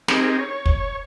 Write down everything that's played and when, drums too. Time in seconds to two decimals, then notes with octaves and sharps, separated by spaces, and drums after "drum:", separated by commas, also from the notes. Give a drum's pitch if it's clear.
0.08 C4 D#4 G4 G#4 A#4, drum: snare
0.39 C#5
0.66 drum: kick